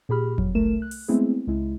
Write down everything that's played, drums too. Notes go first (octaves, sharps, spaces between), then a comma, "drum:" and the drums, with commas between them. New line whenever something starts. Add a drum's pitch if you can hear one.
A#2 G4 G#4 B5 F6
F2 F#3, drum: kick F#1
C2 A3 A#4 E7
F#6
drum: open hi-hat
G#3 A3 B3 C4 E4 G#4
C#2 G#3 E4